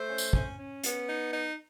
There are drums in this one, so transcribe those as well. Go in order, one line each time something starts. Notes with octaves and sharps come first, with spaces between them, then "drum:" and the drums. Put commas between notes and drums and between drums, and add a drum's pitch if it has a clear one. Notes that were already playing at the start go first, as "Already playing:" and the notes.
Already playing: A3 C5
C#4
drum: tambourine
C#4, drum: kick
C#4
B3, drum: hi-hat
D#4
D#4